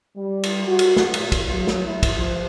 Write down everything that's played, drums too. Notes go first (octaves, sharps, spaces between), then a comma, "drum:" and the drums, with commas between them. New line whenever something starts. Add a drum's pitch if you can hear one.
G3
drum: cymbal
F#4
drum: cymbal
drum: snare
A#2, drum: cymbal
drum: kick, cymbal
F#3
drum: snare
E4
drum: kick, cymbal
F3